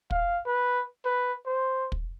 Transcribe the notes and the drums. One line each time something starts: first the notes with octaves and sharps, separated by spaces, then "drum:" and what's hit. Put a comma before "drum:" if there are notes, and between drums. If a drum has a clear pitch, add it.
F5, drum: kick
B4
B4
C5
drum: kick